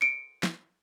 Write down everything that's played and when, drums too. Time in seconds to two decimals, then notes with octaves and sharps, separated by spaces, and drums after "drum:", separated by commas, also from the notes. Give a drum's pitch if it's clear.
0.01 C#7 D7
0.43 drum: snare